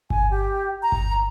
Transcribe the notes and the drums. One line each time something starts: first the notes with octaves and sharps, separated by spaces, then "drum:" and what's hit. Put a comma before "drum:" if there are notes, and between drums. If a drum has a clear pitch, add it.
G#5, drum: kick G1
G4
A#5
drum: kick G1